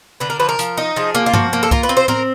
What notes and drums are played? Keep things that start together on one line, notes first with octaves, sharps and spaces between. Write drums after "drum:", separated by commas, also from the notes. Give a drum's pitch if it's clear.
D3 B4
A#4
F3 B4
A#4
F3, drum: hi-hat
D#4
F3 G#4
A#3
F4
F3 F#4, drum: tom G2
A#3
A4
F4 A#4, drum: kick C2
B4
C4
C5
C4 A#4, drum: tom A2